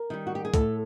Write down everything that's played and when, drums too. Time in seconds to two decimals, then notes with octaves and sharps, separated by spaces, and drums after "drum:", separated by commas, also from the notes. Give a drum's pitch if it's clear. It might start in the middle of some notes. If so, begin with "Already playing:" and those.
Already playing: A#4
0.10 D#3 G3
0.27 F#4
0.35 G4
0.45 G#4
0.54 A2 A4, drum: kick, hi-hat